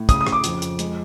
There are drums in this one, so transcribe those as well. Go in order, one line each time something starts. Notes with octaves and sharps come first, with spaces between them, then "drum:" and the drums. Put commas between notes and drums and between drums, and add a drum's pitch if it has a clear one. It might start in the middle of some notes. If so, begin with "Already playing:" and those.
Already playing: A2
C#3 D#6, drum: kick, hi-hat
D#6
C#3, drum: rim click
D6
F2, drum: hi-hat
F2, drum: hi-hat
G#3, drum: hi-hat